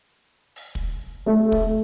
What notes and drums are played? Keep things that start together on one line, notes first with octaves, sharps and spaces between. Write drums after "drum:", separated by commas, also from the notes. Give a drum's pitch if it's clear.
drum: open hi-hat
drum: kick
A3
drum: kick